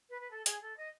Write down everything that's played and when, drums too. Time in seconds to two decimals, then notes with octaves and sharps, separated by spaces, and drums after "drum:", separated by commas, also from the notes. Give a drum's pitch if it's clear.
0.09 B4
0.21 B4
0.30 A4
0.46 G#4, drum: hi-hat
0.61 A4
0.77 D#5